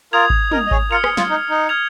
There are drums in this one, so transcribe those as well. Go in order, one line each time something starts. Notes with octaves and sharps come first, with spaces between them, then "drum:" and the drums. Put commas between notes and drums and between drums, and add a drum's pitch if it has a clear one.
F4 A#4 D#6 G#6 F7
drum: kick G#1
A#4 D#5, drum: tom
D#5
G#4 C#5, drum: kick G#1
F4 A#4 F6 C#7 F7
G#4, drum: rim click
F4, drum: snare
D#4
D#4
F6 G#6 F7